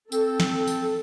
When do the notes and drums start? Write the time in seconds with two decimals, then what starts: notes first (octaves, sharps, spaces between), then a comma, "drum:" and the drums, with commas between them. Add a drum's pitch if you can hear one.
0.12 C4 A4, drum: tambourine
0.40 drum: snare
0.67 drum: tambourine